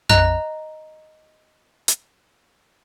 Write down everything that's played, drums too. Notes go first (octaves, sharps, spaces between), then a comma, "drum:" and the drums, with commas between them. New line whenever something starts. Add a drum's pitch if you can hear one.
D#5 A#5 F#6, drum: tom F2
drum: hi-hat